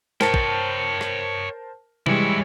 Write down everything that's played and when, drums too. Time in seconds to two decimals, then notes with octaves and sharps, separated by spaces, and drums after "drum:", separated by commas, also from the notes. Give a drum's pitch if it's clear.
0.21 A#4 C5 C#5 G5 A5, drum: snare
0.34 drum: kick
1.01 drum: rim click
2.06 E3 G3 G#3 E4 C#5, drum: tom C3